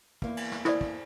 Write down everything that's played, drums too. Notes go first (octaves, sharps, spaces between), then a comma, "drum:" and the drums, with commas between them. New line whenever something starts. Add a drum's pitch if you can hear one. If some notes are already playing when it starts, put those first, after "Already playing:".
E2 A#3, drum: kick
drum: cymbal
drum: snare
E4 A4 C5 D5, drum: snare
drum: kick